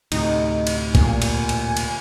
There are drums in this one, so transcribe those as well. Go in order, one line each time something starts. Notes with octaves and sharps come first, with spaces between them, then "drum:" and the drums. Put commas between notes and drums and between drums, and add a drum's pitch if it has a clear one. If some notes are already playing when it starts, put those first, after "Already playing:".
D2 A2 C3 D#4, drum: cymbal
drum: cymbal
A#2 G#5, drum: kick A#1, cymbal
drum: cymbal
drum: cymbal
drum: cymbal